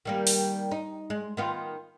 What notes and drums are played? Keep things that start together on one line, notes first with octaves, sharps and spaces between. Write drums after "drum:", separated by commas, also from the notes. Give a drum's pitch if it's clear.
D#3 G3 A#3
drum: open hi-hat
D#4
G#3
D#3 B3 F4